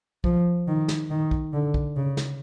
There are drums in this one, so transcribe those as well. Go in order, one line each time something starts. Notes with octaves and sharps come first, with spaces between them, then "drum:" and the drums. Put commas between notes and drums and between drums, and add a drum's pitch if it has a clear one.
F3, drum: kick
D#3
drum: snare
D#3
drum: kick
D3
drum: kick
C#3
drum: snare